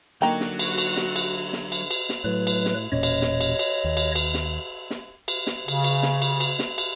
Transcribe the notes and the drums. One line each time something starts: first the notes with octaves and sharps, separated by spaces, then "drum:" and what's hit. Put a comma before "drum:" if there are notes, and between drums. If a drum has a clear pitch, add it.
D3 F#3 A#3 D#4 F#4 G5 A#5
drum: snare
drum: cymbal
drum: cymbal
drum: snare
drum: cymbal
drum: snare
drum: cymbal
drum: cymbal
drum: snare
A2 F#3 B4
drum: cymbal
drum: snare
E1 A#2 C#4 C#5 D#5
drum: cymbal
drum: snare
drum: cymbal
drum: cymbal
D#2
drum: cymbal
drum: cymbal
drum: snare
drum: snare
drum: cymbal
drum: snare
C#3, drum: cymbal
drum: cymbal
drum: snare
drum: cymbal
drum: cymbal
drum: snare
drum: cymbal